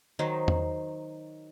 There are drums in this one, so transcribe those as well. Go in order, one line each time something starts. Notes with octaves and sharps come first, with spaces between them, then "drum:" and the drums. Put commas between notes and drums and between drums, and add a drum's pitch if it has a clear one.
D#3 F#3 D#4 C5
drum: tom E2